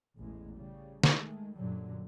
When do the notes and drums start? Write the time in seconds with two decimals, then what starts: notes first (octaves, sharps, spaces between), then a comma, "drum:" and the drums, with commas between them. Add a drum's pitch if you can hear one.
0.18 A1 E2 G#3
0.57 C#3 G3
1.04 D#3 G#3 A3, drum: snare
1.56 F#2 A#2 D3 F#3 G3